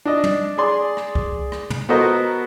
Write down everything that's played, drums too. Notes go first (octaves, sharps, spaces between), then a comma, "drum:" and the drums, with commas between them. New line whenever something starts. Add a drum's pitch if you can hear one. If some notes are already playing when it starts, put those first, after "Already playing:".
D4 D#5
drum: tom
G#4 D5 C6
drum: rim click
drum: kick C2
drum: rim click
drum: tom
B3 F#4 A4 A#4 C5 D#5